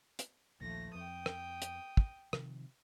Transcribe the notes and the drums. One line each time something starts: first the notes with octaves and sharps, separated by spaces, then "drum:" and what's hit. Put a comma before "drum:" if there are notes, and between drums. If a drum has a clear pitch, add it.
drum: hi-hat
A#1 D#2 F3 A3 A#6
F2 G5 D#6
drum: rim click
drum: hi-hat
drum: kick
C3 D#3 F3, drum: rim click